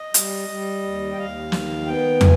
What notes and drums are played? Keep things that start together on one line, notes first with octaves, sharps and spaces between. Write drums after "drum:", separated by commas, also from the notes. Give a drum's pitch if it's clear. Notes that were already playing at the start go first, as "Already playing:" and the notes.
Already playing: D#5
G3, drum: hi-hat
G3
D#2
G5
D#2 F5
D#3, drum: snare
B3 G5
B2 G#5, drum: tom